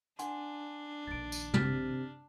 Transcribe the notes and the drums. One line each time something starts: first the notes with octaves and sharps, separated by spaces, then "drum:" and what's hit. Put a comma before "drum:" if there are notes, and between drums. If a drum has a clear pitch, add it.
D4 F#5 G#5 C6, drum: hi-hat
A#1 D#3 A6 D7
drum: tambourine
C3 F6 A6 B6, drum: tom